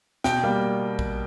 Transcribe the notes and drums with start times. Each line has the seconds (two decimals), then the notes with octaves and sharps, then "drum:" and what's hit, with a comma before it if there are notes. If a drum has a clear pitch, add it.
0.24 B2 G5, drum: snare
0.43 G3 A#3
0.99 drum: kick A#1